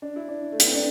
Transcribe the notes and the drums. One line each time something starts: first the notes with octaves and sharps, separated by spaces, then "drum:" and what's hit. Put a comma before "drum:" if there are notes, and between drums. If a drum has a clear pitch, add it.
D4
E4
D4
A3
B3, drum: hi-hat
C4
D4